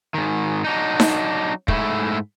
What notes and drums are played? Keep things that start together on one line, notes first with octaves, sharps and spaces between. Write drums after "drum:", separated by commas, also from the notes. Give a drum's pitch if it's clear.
G#2 D#3
F#3 D4 D#4
drum: snare D#4
G#2 A3 E4, drum: kick